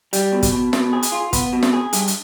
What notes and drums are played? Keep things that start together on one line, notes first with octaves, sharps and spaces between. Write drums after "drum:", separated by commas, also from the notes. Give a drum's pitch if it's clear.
G3, drum: hi-hat
B2
drum: kick, hi-hat
B2
B2, drum: snare
G#4
drum: hi-hat
F4
B3, drum: kick, hi-hat
B2
drum: snare
G#4
G2, drum: hi-hat
drum: hi-hat